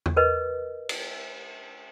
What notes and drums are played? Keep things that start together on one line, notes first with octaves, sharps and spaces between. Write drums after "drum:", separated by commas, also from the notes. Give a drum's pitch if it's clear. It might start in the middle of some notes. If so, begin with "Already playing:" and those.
drum: tom
A#4 B4 D#5
drum: cymbal